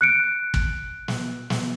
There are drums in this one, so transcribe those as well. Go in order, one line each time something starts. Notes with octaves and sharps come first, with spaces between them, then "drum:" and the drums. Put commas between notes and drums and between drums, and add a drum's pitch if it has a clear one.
F#6 C#7 D7
drum: kick
drum: snare
drum: snare